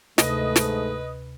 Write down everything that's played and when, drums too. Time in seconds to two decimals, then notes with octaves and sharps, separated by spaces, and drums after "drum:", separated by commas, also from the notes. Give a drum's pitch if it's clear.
0.18 D2 G#2 C3 A3 B4 D#5, drum: snare
0.56 drum: snare